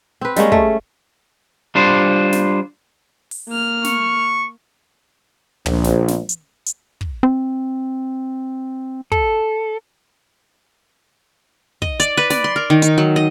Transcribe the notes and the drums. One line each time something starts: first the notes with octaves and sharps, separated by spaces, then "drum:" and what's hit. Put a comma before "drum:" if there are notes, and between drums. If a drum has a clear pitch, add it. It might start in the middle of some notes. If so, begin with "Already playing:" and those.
C4 B4
G3 G#3 A#3 C#4, drum: snare
A3, drum: kick
G3 D4 F4 C5
drum: snare
drum: open hi-hat
A#3 F6
C#6, drum: snare
A#1, drum: tom
drum: snare
drum: snare
drum: hi-hat
drum: hi-hat
drum: kick
C4
A4, drum: kick
D#5, drum: kick
D5, drum: hi-hat
B4
D5, drum: snare
C6
A#4
D#3
D#4, drum: hi-hat
F#3
D#5